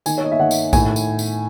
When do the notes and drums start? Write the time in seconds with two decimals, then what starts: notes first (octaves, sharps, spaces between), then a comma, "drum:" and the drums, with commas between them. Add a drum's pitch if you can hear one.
0.06 D#3 G#5, drum: tambourine
0.18 C#5
0.24 D#5
0.32 E5
0.40 D#3 F#5
0.51 drum: tambourine
0.73 A2 G#5, drum: kick A#1, tambourine
0.96 drum: tambourine
1.19 drum: tambourine